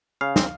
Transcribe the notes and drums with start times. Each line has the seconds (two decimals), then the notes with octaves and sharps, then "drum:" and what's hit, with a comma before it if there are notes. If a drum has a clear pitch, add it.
0.21 C#3 F5
0.36 C4, drum: snare